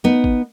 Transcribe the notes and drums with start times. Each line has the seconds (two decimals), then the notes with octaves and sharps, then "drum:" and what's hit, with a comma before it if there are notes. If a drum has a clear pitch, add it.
0.04 B3 D#4
0.24 drum: kick G#1